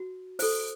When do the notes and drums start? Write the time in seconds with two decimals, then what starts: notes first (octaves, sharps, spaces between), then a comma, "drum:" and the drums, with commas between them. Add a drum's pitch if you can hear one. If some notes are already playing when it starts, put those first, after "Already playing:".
Already playing: F#4
0.39 A4 C5, drum: open hi-hat